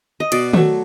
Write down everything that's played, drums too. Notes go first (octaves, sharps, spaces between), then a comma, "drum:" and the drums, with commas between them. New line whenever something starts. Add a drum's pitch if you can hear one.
D#5
B2 D5, drum: cymbal
F#3 A3, drum: tom D#3